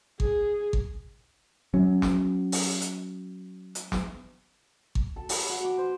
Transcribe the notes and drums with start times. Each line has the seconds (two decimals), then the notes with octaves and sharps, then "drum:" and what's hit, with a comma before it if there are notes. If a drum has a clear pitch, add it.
0.20 G#4, drum: kick G#1
0.73 drum: kick G#1
1.74 F#3 C#4
2.02 drum: snare
2.52 drum: open hi-hat
2.82 drum: hi-hat
3.75 drum: hi-hat
3.92 drum: snare
4.95 drum: kick G#1
5.16 A4
5.29 B5, drum: open hi-hat
5.49 F#4
5.64 D6
5.78 C5